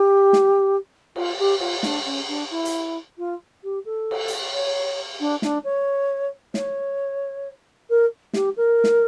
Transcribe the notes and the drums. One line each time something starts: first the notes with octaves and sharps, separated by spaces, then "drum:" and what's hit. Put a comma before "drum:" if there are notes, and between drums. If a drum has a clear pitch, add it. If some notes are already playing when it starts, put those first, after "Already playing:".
Already playing: G4
drum: snare
F4, drum: cymbal
G4
F4, drum: cymbal
D4, drum: snare
C#4
D4
E4
drum: hi-hat
F4
G4
A4
drum: cymbal
drum: hi-hat
C#5
D4
D4, drum: snare
C#5
C#5, drum: snare
A#4
G4, drum: snare
A#4
drum: snare